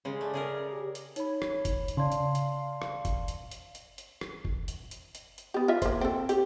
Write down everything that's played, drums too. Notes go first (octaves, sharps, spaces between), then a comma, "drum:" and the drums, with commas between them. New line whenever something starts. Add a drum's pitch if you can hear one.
C#3 G#3
A3 D5
C#3 G#4 A#4
G4
drum: hi-hat
D#4 C#5 B5, drum: hi-hat
drum: rim click
drum: kick F#1, hi-hat
drum: hi-hat
C#3 D5 F5 A5 C6
drum: hi-hat
drum: hi-hat
drum: rim click
drum: kick F#1, hi-hat
drum: hi-hat
drum: hi-hat
drum: hi-hat
drum: hi-hat
drum: rim click
drum: kick F#1
drum: hi-hat
drum: hi-hat
drum: hi-hat
drum: hi-hat
B3 G4
F4 E5
A#3 C5, drum: kick F#1, hi-hat
C4 A4
G4, drum: hi-hat